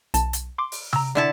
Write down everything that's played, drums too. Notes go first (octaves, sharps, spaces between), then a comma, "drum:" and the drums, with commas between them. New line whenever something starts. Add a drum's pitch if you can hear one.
B1 A5, drum: hi-hat
drum: hi-hat
C6 D6
drum: open hi-hat
A#5 E6, drum: tom C3
D3 E4 A5